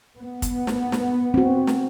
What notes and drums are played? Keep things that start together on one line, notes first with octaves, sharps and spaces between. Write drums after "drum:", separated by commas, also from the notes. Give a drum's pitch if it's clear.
B3
drum: kick, hi-hat
drum: snare
drum: snare
C4 F#4
drum: snare